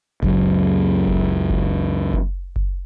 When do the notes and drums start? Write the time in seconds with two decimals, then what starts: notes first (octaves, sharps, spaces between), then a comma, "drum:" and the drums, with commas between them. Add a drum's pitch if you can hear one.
0.23 C#2 F#2 F#3, drum: kick F#1
1.07 drum: kick F#1
1.50 drum: kick F#1
2.13 drum: kick F#1
2.56 drum: kick F#1